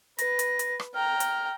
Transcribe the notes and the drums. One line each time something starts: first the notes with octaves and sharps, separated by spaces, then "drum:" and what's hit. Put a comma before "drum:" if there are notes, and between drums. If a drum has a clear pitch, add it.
B4 A#6, drum: hi-hat
drum: hi-hat
drum: hi-hat
drum: rim click
G5 A#5 F6
drum: hi-hat